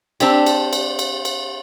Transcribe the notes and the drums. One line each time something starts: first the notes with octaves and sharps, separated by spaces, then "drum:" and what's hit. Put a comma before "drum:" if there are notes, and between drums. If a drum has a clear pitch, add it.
C4 D4 G4, drum: cymbal
drum: cymbal
drum: cymbal
drum: cymbal
drum: cymbal